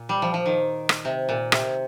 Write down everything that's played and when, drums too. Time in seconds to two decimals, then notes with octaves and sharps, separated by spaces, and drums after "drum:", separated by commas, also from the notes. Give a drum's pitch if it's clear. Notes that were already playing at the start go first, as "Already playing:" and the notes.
Already playing: A#2
0.09 G3
0.22 F3
0.34 F3
0.46 D#3
0.89 drum: rim click
1.05 C3
1.29 A#2
1.52 C3, drum: rim click